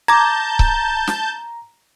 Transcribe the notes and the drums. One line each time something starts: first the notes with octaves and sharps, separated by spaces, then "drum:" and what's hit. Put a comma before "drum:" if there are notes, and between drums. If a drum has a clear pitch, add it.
A5 A#5 D6 G6 G#6
drum: kick C#1
drum: snare